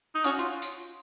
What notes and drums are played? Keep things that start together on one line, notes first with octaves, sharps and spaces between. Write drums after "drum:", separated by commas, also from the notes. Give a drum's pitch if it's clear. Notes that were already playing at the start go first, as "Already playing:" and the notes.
D#4
C#4 F#4, drum: tambourine
F4
drum: tambourine